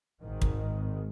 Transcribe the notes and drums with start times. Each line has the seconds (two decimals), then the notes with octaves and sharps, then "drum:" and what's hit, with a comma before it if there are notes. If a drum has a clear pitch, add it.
0.22 G#1 G#2 D#3
0.42 drum: kick